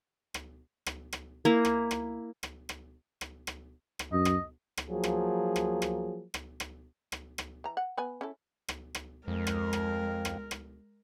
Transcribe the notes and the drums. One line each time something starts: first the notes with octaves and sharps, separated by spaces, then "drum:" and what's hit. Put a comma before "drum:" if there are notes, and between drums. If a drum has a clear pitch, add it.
drum: rim click
drum: rim click
drum: rim click
A#3 E4
drum: rim click
drum: rim click
drum: rim click
drum: rim click
drum: rim click
drum: rim click
drum: rim click
F#2 D#5
drum: rim click
drum: rim click
F3 F#3 A#3 G#4
drum: rim click
drum: rim click
drum: rim click
drum: rim click
drum: rim click
drum: rim click
drum: rim click
E3 A#5
F#5
B3 B4 G#5
C#4 E4 A4
drum: rim click
drum: rim click
F2 G#3 A#4
drum: rim click
drum: rim click
drum: rim click
drum: rim click